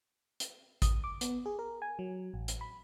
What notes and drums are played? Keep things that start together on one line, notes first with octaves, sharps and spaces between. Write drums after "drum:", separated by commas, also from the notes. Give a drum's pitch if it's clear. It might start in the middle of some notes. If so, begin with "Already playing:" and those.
drum: hi-hat
D#6, drum: kick A1, hi-hat
D6
B3, drum: hi-hat
G#4
A#4
G#5
F#3
A1
drum: hi-hat
B5